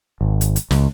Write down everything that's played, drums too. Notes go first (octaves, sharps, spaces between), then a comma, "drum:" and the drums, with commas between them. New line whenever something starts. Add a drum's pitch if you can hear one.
G#1
drum: hi-hat
drum: hi-hat
C#2, drum: snare